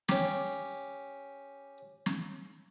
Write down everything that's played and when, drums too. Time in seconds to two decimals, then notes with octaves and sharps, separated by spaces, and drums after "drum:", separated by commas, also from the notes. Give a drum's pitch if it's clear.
0.09 C#4 G4, drum: snare
2.06 drum: snare